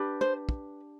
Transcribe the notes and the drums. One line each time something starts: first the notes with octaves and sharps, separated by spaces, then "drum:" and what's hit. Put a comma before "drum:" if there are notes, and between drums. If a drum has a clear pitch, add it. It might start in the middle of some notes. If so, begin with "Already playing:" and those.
Already playing: D4 G4 B4
C5
drum: kick